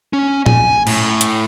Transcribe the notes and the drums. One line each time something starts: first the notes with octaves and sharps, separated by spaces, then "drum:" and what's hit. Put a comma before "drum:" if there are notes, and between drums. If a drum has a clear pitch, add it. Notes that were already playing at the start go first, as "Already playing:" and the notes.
C#4
G#5, drum: tom A#2
A2, drum: cymbal
drum: hi-hat